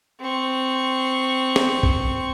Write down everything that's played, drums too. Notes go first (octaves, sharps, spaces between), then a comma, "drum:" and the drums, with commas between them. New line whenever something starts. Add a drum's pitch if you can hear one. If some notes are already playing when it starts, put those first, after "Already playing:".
C4 C#6
drum: snare
drum: kick